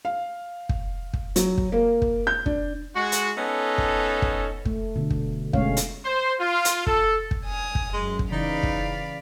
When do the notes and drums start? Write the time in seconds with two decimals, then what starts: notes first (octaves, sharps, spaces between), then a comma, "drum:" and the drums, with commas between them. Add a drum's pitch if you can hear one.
0.05 F5
0.69 drum: kick
1.13 drum: kick
1.36 F#3, drum: hi-hat
1.58 drum: kick
1.72 A#3
2.02 drum: kick
2.27 G6
2.46 D4, drum: kick
2.95 G#3 F#4
3.12 drum: hi-hat
3.38 B3 C#4 D#4 A4
3.78 drum: kick
4.22 drum: kick
4.65 A3, drum: kick
4.96 B2 D3
5.10 drum: kick
5.53 B2 G#3 A3 C#4 C#5 F5, drum: kick
5.77 drum: hi-hat
6.05 C5
6.40 F4
6.65 drum: hi-hat
6.87 A4, drum: kick
7.31 drum: kick
7.44 G#5 D#6 F6
7.75 drum: kick
7.94 F#2 G#3
8.19 drum: kick
8.32 C#3 E3 D#4 D5 F5 B5
8.63 drum: kick